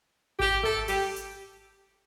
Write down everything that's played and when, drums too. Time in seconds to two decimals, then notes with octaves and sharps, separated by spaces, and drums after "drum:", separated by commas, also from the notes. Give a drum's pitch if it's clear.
0.40 G4, drum: kick G#1
0.64 A4, drum: kick G#1
0.88 G4, drum: open hi-hat
1.16 drum: hi-hat